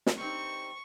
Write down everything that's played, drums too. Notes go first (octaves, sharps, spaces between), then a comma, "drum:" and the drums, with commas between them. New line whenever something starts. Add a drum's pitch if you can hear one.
drum: snare
G3 C4 D#4 C#6